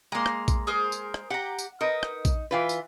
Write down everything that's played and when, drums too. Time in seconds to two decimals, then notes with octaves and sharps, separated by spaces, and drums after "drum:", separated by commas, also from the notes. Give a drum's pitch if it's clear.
0.12 G#3 A#3 A#5 C6
0.26 drum: rim click
0.48 drum: kick A#1, tambourine
0.67 G#4 A#4 C5
0.92 drum: tambourine
1.14 drum: rim click
1.30 G4 F#5 A#5
1.59 drum: tambourine
1.81 D#4 A#4 B4
2.03 drum: rim click
2.25 drum: kick A#1, tambourine
2.51 E3 F4 B4
2.69 drum: tambourine